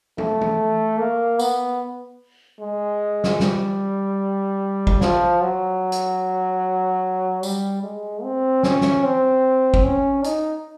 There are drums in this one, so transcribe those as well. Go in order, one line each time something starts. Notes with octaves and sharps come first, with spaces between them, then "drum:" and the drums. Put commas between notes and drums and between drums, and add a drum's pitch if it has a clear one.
A3, drum: tom
drum: tom
A#3
B3, drum: tambourine
G#3
drum: snare
G3, drum: snare
drum: kick
F3, drum: snare
F#3
drum: hi-hat
G3, drum: tambourine
G#3
C4
C#4, drum: snare
drum: snare
C4
drum: kick
C#4
D#4, drum: hi-hat